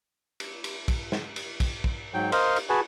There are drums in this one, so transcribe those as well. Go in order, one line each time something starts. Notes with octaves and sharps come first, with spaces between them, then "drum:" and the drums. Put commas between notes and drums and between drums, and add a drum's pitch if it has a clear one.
drum: cymbal
drum: cymbal
drum: kick, cymbal
drum: snare
drum: cymbal
drum: kick, cymbal
drum: kick
G#2 F#3 G5
A#4 C5 D#5 F5 C6, drum: cymbal
drum: cymbal
F#4 G#4 B4 G#5 A5